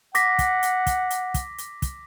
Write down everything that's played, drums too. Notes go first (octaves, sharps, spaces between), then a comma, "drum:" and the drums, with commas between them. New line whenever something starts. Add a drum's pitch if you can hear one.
F#5 D6 A#6 B6, drum: hi-hat
drum: kick, hi-hat
drum: hi-hat
drum: kick, hi-hat
drum: hi-hat
drum: kick, hi-hat
drum: hi-hat
drum: kick, hi-hat